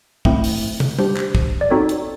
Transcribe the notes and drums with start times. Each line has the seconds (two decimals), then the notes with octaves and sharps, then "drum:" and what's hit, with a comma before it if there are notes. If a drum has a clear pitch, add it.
0.25 A3 C4 E4, drum: kick
0.44 drum: open hi-hat
0.80 drum: tom
0.99 D4 G4 C5, drum: tom G3
1.16 drum: clap
1.35 drum: kick
1.61 D5
1.70 C4 D#4 F#4 A4 C#5
1.89 drum: hi-hat